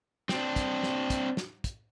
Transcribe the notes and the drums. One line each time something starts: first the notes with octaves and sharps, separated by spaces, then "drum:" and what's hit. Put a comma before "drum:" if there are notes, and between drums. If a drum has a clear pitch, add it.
C4 D4, drum: snare
drum: kick, hi-hat
drum: snare
drum: kick, hi-hat
drum: snare
drum: kick, hi-hat